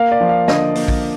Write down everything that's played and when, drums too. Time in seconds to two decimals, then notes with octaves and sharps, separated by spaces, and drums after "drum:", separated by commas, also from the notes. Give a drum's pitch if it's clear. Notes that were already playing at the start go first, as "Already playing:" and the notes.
Already playing: A#3 F5
0.12 D5
0.20 F3
0.29 F5
0.48 D3 D#5, drum: snare
0.75 A#3, drum: open hi-hat
0.88 drum: kick